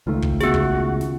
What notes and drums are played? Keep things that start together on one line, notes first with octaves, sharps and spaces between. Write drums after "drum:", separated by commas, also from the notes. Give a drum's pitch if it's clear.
C#2 D#3 A3 F4
drum: kick
C#3 B3 F#4 G#4, drum: snare
drum: kick
drum: snare